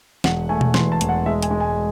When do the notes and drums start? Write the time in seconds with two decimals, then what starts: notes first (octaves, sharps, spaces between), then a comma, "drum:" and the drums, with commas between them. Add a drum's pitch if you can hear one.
0.24 E1 F#5, drum: snare
0.49 A3 G#5
0.61 drum: tom B2
0.74 E2 C6, drum: snare
0.92 A5
1.01 E1, drum: hi-hat
1.09 F#5
1.26 G#3 E5
1.43 G#5, drum: hi-hat
1.51 G#3
1.60 G#5